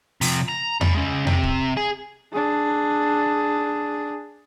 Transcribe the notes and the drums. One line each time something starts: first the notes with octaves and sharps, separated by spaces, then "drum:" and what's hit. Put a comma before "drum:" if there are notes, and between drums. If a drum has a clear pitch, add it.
C3 F3, drum: open hi-hat
A#5
G#3 B5, drum: tom E2
G#3 C#4
C3, drum: tom E2
drum: kick
G#4
D4 G#4